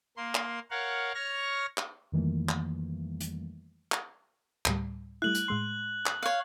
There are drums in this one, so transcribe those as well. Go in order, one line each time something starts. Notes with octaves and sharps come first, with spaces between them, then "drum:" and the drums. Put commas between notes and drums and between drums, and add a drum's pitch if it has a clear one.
A#3 C6
drum: clap
A#4 C#5 F5 F#5
C#5 C#6 F6 A#6
drum: clap
F2 D#3 E3 G3 A3 A#3
drum: clap
drum: hi-hat
drum: clap
D2 A2 G3, drum: clap
G3 A3 E4 F#6 F#7
drum: hi-hat
A2 G#3 C6
drum: clap
C#5 F5